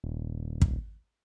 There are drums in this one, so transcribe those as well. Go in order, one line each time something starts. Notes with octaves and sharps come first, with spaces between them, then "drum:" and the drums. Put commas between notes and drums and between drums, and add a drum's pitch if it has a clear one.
D#1
drum: kick